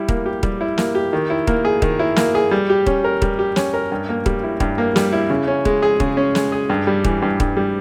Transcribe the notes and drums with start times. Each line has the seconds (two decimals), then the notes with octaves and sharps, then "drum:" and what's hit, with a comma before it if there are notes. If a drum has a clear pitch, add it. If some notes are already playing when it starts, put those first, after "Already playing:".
Already playing: G3 E4
0.08 A#3, drum: kick D#1
0.26 G4
0.43 G3, drum: kick D#1
0.61 E4
0.78 A#3, drum: snare
0.95 G4
1.13 D#3
1.30 E4
1.47 A#3, drum: kick D#1
1.65 G#4
1.82 D#3, drum: kick D#1
1.99 E4
2.16 A#3, drum: snare
2.35 G#4
2.51 G3
2.70 G4
2.86 C#4, drum: kick D#1
3.04 A#4
3.22 G3, drum: kick D#1
3.39 G4
3.56 C#4, drum: snare
3.74 A#4
3.92 G2
4.09 A#3
4.26 G3, drum: kick D#1
4.43 E4
4.60 G2, drum: kick D#1
4.78 A#3
4.96 G3, drum: snare
5.13 E4
5.30 C#3
5.48 C#4
5.65 G#3, drum: kick D#1
5.82 G#4
6.00 C#3, drum: kick D#1
6.17 C#4
6.35 G#3, drum: snare
6.52 G#4
6.70 G2
6.87 G3
7.04 E3, drum: kick D#1
7.22 G2
7.40 G2, drum: kick D#1
7.57 G3